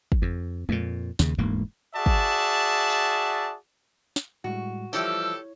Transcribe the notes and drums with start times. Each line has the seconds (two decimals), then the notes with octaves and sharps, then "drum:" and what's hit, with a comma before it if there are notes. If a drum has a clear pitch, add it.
0.12 drum: kick
0.22 F2
0.69 F2 A#2, drum: tom G#3
1.19 D#2 C#3, drum: snare
1.38 E1 D2 G#2 A#3
1.95 F#4 G#4 D5 E5 A5
2.06 drum: kick
2.90 drum: tambourine
4.16 drum: snare
4.44 A2 G3 G#3 F#4
4.93 E3 F3 G3 E4 G4 A4 C#5 E6, drum: tambourine